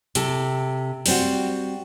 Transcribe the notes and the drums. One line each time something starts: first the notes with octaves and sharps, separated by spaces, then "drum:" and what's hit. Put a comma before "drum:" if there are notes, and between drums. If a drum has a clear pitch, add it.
C3 A4, drum: hi-hat
G3 C4 F#4, drum: open hi-hat